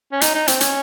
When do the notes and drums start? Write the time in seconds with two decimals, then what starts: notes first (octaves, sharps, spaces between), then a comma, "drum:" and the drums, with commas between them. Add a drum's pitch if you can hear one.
0.12 C#4
0.21 D#4, drum: hi-hat
0.34 D#4
0.48 C4, drum: hi-hat
0.61 C#4, drum: hi-hat